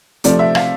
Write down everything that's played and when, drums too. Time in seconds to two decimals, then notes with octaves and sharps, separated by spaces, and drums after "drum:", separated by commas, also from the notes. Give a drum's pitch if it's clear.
0.24 C3 F3 A3 C4 D5, drum: hi-hat
0.39 E5
0.55 F5, drum: rim click